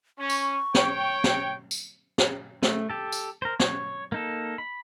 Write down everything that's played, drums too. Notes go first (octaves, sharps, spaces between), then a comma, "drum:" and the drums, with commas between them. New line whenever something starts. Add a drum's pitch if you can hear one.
C#4 C#6
drum: tambourine
C#5 G5, drum: snare
drum: snare
drum: tambourine
drum: snare
A3, drum: snare
G4 A4
drum: tambourine
A#4 C5
C#5, drum: snare
A#3 D#4 A4
B5